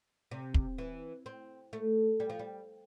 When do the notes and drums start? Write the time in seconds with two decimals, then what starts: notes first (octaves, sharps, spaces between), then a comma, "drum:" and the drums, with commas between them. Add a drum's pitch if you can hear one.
0.31 C3
0.54 drum: kick
0.78 E3
1.26 C4
1.73 A3
2.20 G3
2.30 F3
2.39 G3